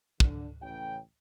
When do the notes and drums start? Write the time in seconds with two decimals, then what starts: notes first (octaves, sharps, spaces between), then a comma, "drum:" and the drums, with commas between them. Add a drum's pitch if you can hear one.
0.20 D3, drum: kick
0.61 A1 C#3 G5